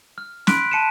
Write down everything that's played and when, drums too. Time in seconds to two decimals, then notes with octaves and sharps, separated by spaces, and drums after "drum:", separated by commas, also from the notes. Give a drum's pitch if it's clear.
0.18 F6
0.47 B5 C6 F#6 B6 D7, drum: snare
0.71 A5 C#7 D#7 E7